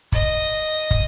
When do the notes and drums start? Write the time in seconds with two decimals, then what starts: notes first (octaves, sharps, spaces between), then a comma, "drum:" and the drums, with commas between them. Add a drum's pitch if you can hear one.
0.12 D#5, drum: kick
0.91 drum: kick